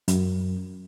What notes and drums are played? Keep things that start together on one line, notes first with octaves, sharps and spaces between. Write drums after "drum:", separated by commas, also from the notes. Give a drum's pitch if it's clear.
F#2, drum: hi-hat